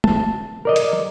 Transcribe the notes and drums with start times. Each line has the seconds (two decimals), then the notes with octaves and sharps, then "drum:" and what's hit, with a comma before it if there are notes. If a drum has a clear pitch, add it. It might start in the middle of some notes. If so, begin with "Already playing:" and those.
0.04 A5, drum: tom
0.65 A#4 D5 D#5
0.76 drum: hi-hat